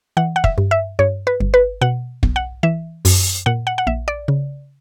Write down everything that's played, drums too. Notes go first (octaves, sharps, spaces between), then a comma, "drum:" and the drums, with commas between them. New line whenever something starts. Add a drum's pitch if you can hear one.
E3 F#5
F#5
E5, drum: kick
G2
E5
G2 C#5
B4
G1
B4
B2 F#5
B1, drum: kick
F#5
E3 E5
F#2, drum: open hi-hat
A#2 F#5
F#5
F#5
A#1 E5
D5
C#3